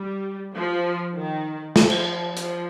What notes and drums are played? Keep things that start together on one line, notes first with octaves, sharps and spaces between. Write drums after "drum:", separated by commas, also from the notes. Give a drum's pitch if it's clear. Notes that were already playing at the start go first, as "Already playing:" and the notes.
Already playing: G3
F3
D#3
F3, drum: snare
drum: cymbal
F3, drum: hi-hat